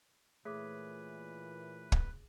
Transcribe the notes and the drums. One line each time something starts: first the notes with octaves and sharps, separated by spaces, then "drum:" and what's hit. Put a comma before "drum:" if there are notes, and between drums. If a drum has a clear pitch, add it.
A#2 E3 A3 G#4 B4 C#5 D6 B6
drum: kick